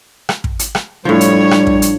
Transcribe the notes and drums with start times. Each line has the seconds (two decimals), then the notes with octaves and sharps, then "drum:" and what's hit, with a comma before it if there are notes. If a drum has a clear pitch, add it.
0.29 drum: rim click
0.44 drum: kick
0.59 drum: hi-hat
0.75 drum: rim click
1.05 A2 F3 G3 D4 C#5
1.21 drum: hi-hat
1.51 drum: rim click
1.67 drum: kick
1.82 drum: hi-hat